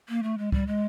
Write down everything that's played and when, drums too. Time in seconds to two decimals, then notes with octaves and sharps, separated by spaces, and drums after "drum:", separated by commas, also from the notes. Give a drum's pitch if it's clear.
0.09 A#3
0.23 A3
0.38 G#3
0.52 G3, drum: kick C#2
0.67 G#3